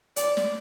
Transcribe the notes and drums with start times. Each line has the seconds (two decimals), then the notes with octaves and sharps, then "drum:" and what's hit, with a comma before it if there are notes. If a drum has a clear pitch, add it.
0.16 D5, drum: hi-hat
0.37 drum: snare